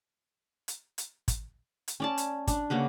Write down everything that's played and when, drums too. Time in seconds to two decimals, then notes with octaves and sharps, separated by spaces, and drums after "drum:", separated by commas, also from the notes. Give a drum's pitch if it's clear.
0.68 drum: hi-hat
0.98 drum: hi-hat
1.28 drum: kick, hi-hat
1.88 drum: hi-hat
2.00 C#4 D5 A5
2.18 drum: hi-hat
2.47 D4, drum: kick, hi-hat
2.70 C#3 A#3 F#4 B4